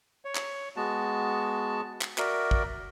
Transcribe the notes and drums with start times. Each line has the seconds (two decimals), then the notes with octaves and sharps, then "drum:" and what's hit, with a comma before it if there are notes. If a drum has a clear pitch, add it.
0.25 C#5
0.35 drum: clap
0.76 G#3 B3 F#4 A5
2.01 drum: clap
2.18 F#4 A#4 D5 E5, drum: clap
2.51 drum: kick